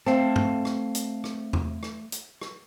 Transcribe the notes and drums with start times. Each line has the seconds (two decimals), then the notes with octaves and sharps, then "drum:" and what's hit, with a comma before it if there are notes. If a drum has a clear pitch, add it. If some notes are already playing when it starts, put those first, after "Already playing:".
0.06 A3 C4 F5 A5, drum: rim click
0.36 drum: tom G2
0.65 drum: rim click
0.95 drum: hi-hat
1.24 drum: rim click
1.53 drum: tom E2
1.83 drum: rim click
2.12 drum: hi-hat
2.41 drum: rim click